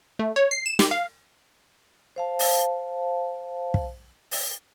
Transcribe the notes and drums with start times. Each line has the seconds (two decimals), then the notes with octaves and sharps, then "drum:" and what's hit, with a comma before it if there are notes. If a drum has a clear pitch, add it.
0.19 A3
0.36 C#5
0.51 C7
0.66 E7
0.79 G4, drum: snare
0.91 F5
2.16 C5 F5 A5
2.39 drum: open hi-hat
3.74 drum: kick
4.31 drum: open hi-hat